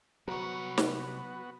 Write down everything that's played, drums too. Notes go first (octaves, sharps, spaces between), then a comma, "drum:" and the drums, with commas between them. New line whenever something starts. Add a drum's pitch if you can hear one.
C2 F#3 B3 F#4 F#5 A#5 C#6
drum: snare